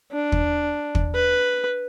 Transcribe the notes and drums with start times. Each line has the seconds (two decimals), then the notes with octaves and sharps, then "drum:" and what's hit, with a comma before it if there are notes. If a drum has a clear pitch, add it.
0.11 D4
0.32 drum: kick
0.95 drum: kick
1.14 B4